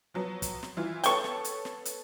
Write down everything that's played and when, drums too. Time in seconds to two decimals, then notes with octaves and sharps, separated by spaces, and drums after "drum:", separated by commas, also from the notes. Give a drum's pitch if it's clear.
0.14 F3 F#3 B3
0.42 drum: kick, hi-hat
0.63 drum: snare
0.77 E3 E4 F4
1.04 B3 A4 C#5 G5 C#6, drum: hi-hat
1.24 drum: snare
1.44 drum: hi-hat
1.65 drum: snare
1.85 drum: hi-hat